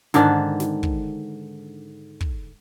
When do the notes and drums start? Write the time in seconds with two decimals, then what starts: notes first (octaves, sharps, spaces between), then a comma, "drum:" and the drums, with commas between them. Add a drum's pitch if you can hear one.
0.14 G#2 D3 D#3 D4, drum: snare
0.60 drum: snare
0.83 drum: kick
2.21 drum: kick